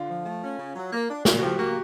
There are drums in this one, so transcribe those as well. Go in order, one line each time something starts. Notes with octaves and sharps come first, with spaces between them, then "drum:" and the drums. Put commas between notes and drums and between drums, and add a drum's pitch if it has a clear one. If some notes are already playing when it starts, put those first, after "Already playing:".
Already playing: D3 F4
F3
A3
C#4
C#3
F#3
A#3
D4
A#2 F#4, drum: snare
F#4
F3 G4
A#3 F#4